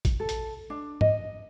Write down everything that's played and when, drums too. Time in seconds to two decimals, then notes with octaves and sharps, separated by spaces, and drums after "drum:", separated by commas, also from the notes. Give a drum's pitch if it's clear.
0.05 drum: kick A1, hi-hat
0.20 A4
0.29 drum: hi-hat
0.70 D4
1.01 D#5, drum: tom